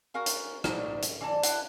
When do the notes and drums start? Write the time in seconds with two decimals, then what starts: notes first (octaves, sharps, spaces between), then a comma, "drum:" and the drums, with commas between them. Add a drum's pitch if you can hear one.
0.14 F#4 A#4 F5 G#5
0.26 drum: hi-hat
0.64 A#2 D4 D#4 C#5, drum: rim click
1.02 drum: hi-hat
1.21 E3 D5 A5
1.43 D4 E4 F#5 G5, drum: hi-hat